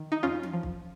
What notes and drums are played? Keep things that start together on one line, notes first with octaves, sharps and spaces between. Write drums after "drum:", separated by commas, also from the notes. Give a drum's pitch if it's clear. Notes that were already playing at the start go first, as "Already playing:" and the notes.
Already playing: D#3
D#4
F2 C#4 F4
drum: tom E3
F3
drum: kick